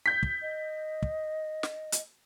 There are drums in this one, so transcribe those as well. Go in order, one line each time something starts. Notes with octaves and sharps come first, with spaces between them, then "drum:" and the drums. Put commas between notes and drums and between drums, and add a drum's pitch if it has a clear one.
G6 B6
drum: kick
D#5
drum: kick
drum: snare
drum: hi-hat